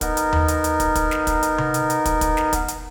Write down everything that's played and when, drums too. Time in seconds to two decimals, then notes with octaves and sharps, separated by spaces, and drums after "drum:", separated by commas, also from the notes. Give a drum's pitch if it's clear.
0.01 B3 D#4 A#4, drum: kick, hi-hat
0.17 drum: hi-hat
0.33 drum: tom D#2
0.48 drum: hi-hat
0.64 drum: hi-hat
0.80 drum: kick, hi-hat
0.95 drum: kick, hi-hat
1.11 drum: snare
1.27 drum: kick, hi-hat
1.43 drum: hi-hat
1.58 drum: tom C3
1.74 drum: hi-hat
1.90 drum: hi-hat
2.05 drum: kick, hi-hat
2.21 drum: kick, hi-hat
2.37 drum: snare
2.53 drum: kick, hi-hat
2.68 drum: hi-hat